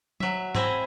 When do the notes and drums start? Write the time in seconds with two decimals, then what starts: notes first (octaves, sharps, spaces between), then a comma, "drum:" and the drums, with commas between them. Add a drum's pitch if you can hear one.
0.20 F#3 E5, drum: tom F#3
0.55 C4 E4 G#4 D#5 E5, drum: tom G#2